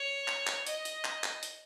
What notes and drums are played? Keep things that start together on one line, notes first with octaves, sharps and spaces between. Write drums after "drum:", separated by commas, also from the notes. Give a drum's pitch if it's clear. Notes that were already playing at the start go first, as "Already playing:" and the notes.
Already playing: C#5
drum: clap
drum: clap
D#5, drum: hi-hat
drum: hi-hat
drum: clap
drum: clap
drum: hi-hat